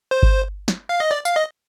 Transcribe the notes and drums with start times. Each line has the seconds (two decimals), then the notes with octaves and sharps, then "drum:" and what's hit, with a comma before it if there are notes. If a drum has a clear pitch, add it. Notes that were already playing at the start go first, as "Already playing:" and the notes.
0.11 C5
0.23 drum: kick G1
0.68 drum: snare
0.89 F5
1.00 D#5
1.11 D5
1.25 F5, drum: tambourine
1.36 D#5